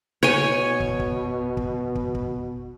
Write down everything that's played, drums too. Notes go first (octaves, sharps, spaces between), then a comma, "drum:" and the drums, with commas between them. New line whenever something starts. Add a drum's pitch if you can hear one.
B2 C#5 G#5
drum: kick
drum: kick
drum: kick
drum: kick
drum: kick